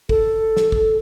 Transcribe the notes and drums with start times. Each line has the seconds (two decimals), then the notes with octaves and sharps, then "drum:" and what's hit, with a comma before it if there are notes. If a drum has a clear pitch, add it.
0.09 A4, drum: kick
0.57 drum: snare
0.72 drum: kick